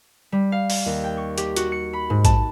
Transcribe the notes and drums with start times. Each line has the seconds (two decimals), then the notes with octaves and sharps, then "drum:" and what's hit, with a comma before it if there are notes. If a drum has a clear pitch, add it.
0.32 G3
0.52 F5
0.70 drum: open hi-hat
0.86 D#2
1.04 G5
1.17 C#6
1.38 G4, drum: hi-hat
1.56 F#4, drum: hi-hat
1.72 C#7
1.93 B5
2.10 G#2
2.25 A5, drum: kick A1, hi-hat